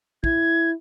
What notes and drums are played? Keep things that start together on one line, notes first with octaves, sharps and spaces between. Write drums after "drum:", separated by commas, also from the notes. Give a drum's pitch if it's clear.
E4 G#6, drum: kick